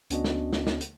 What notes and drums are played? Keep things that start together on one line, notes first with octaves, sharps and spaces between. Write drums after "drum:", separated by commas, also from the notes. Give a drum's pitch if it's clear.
D2 B3 C#4 D4 F#4 D#5, drum: hi-hat
drum: snare
drum: snare
drum: snare
drum: hi-hat